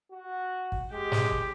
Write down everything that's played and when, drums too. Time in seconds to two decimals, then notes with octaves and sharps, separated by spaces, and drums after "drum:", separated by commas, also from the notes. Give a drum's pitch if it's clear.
0.12 F#4
0.72 drum: kick
0.92 G#3 G4
1.12 drum: snare
1.32 drum: kick